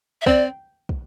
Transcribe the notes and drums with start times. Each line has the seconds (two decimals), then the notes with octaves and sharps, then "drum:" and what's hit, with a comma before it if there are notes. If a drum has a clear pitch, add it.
0.22 E5
0.26 C4 D5, drum: kick
0.89 drum: kick